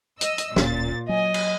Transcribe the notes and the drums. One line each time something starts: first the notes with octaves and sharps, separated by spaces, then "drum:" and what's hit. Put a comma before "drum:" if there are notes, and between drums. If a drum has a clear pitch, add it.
D#5 E6, drum: hi-hat
drum: hi-hat
D1 A#2 C#4 A6, drum: snare
F#3 D#5 G#5
drum: cymbal